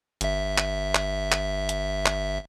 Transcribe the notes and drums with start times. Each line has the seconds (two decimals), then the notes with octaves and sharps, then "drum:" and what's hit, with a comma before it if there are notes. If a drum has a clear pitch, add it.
0.21 G1 E5, drum: hi-hat
0.58 drum: clap
0.95 drum: clap
1.32 drum: clap
1.69 drum: hi-hat
2.06 drum: clap